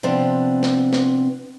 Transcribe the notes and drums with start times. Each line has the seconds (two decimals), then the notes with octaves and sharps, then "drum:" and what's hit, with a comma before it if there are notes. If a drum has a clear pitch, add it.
0.03 C3 F3 B3 C4 D4
0.63 drum: snare
0.93 drum: snare